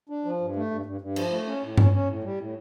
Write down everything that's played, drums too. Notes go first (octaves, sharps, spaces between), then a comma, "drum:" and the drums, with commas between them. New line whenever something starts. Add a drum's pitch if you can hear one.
D4
F3
G2
A3
G2
G2
G2
F3, drum: cymbal
A3
C#4
A2
C#4, drum: tom G2
C#4
A2
G3
A2